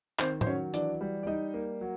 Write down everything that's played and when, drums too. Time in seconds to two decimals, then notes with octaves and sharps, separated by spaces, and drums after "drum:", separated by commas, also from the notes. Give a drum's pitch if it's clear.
0.19 D#3 C4 C5, drum: clap
0.41 C5, drum: tom A2
0.46 F#3 C#4 C#5
0.73 E3 D4 D5, drum: hi-hat
1.01 G3
1.23 D5
1.26 G3 D#4 D#5
1.54 A#3
1.81 F#3